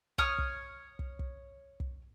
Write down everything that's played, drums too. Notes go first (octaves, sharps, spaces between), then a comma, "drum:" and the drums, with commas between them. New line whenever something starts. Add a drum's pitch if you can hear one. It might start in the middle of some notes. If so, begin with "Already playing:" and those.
C#5 D#6 F6, drum: kick
drum: kick
drum: kick
drum: kick
drum: kick